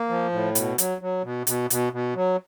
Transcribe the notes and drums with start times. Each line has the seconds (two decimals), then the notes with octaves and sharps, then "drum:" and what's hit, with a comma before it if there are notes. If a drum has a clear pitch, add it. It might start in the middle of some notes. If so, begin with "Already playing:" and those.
Already playing: A#3
0.09 F3
0.32 A2
0.55 B2, drum: hi-hat
0.78 F#3, drum: hi-hat
1.01 F#3
1.24 B2
1.47 B2, drum: hi-hat
1.70 B2, drum: hi-hat
1.93 B2
2.15 F#3